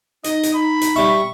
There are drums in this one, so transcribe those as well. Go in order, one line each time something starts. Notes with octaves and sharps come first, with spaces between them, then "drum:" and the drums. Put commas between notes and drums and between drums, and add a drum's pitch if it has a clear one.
D#4 D#5, drum: hi-hat
drum: hi-hat
B5
drum: hi-hat
G3 E5 C#6